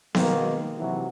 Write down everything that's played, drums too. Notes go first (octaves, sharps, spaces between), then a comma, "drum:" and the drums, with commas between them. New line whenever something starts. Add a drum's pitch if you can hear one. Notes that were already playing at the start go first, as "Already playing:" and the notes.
B2 D#3 G#3 A#3, drum: snare B3
C3 E3 F#3